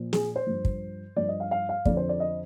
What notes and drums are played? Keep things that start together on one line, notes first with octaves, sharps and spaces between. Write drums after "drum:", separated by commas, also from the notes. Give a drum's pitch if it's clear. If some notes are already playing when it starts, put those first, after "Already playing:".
Already playing: A#2 F3
G#4, drum: snare
C5
G2 F3
drum: kick
G2 F3 D5
D#5
F5
F5
F5
F2 D3 F3 D5, drum: kick
C5
D5
D#5